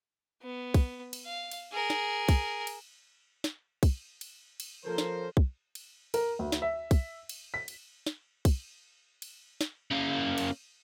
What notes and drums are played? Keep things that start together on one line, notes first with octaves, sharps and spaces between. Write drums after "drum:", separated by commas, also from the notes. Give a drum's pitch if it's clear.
B3
drum: kick, cymbal
drum: cymbal
F5
drum: cymbal
G#4 A#4
drum: snare
drum: kick, cymbal
drum: cymbal
drum: snare
drum: kick, cymbal
drum: cymbal
drum: cymbal
F3 A#3 C#4 A4 A#4 C5
drum: snare
drum: kick
drum: cymbal
A#4, drum: cymbal
D2
drum: snare
E5
drum: kick, cymbal
drum: cymbal
B6
drum: cymbal
drum: snare
drum: kick, cymbal
drum: cymbal
drum: snare
C#3 A#3
drum: cymbal